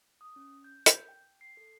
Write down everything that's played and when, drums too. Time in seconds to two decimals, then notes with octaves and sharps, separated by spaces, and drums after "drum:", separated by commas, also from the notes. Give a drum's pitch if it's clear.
0.21 D#6
0.36 C#4
0.64 G6
0.86 G6, drum: hi-hat
1.09 G5
1.41 C7
1.57 A4